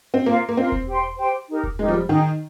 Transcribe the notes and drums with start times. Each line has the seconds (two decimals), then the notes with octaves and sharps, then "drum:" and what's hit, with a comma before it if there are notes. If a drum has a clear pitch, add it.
0.14 C4
0.26 A#3 F4 A#4 F5 C6
0.49 A#3
0.57 C4 F4 A#4 F5 C6
0.72 drum: kick E1
0.88 G4 C5 G5 C6
1.17 G4 C5 G5 C6
1.48 D#4 G4 A#4
1.63 drum: kick E1
1.79 G#3 D#4 G4 A#4
1.88 F3
1.94 G3
2.09 D#3 D#4 G#4 D#5 G5